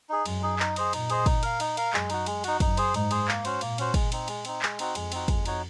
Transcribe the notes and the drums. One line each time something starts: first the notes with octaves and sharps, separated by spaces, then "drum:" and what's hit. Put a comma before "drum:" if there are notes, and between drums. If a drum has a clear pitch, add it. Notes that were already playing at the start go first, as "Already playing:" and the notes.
D#4 G#4
F#2 G#3, drum: cymbal
D#4 G#4
D#4, drum: clap
G#4 C5 D#5, drum: cymbal
A#2 D#4, drum: cymbal
G#4 C5 D#5, drum: cymbal
D#4, drum: kick, cymbal
A#4 F5, drum: cymbal
D#4, drum: cymbal
A#4 F5, drum: cymbal
F#2 G#3, drum: clap
D#4 F#4, drum: cymbal
G#3, drum: cymbal
D#4 F#4, drum: cymbal
F#2 D#4, drum: kick, cymbal
G#4 C5, drum: cymbal
G#2 D#4, drum: cymbal
G#4 C5, drum: cymbal
A#3, drum: clap
C#4 F#4 C5, drum: cymbal
A#2 A#3, drum: cymbal
C#4 F#4 C5, drum: cymbal
G#3, drum: kick, cymbal
C4 D#4, drum: cymbal
G#3, drum: cymbal
C4 D#4, drum: cymbal
G#3, drum: clap
C4 D#4 F#4, drum: cymbal
F2 G#3, drum: cymbal
C4 D#4 F#4, drum: cymbal
F2 G#3, drum: kick, cymbal
D#4 F#4 C#5, drum: cymbal